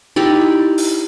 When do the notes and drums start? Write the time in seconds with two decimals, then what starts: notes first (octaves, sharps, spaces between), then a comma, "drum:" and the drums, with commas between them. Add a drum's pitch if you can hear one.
0.16 D#4 E4 G4 D5
0.78 drum: open hi-hat